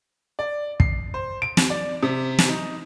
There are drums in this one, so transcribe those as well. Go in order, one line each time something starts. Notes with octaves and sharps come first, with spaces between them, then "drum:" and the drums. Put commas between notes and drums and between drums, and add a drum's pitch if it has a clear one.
D5
C7, drum: kick
C5
D7
drum: snare
D5
C3
drum: snare
D#4